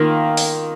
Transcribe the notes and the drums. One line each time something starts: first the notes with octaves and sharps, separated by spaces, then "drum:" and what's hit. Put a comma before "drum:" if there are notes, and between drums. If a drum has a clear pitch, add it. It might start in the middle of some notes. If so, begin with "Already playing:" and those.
Already playing: D#3 A#3 F4
drum: open hi-hat